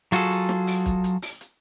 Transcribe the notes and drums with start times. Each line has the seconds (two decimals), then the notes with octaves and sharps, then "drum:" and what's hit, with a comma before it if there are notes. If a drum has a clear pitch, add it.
0.12 F#3 F4 F#4 G#4 A4, drum: hi-hat
0.30 drum: hi-hat
0.49 drum: snare
0.67 drum: open hi-hat
0.86 drum: kick, hi-hat
1.04 drum: hi-hat
1.22 drum: open hi-hat
1.41 drum: hi-hat